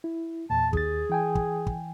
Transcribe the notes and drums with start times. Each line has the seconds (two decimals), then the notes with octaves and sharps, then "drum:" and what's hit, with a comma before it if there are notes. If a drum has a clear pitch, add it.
0.04 E4
0.50 E2 A#2 A5
0.73 D#2 G#4 A6, drum: kick
1.10 E3 G5 G#5
1.35 drum: kick
1.67 drum: kick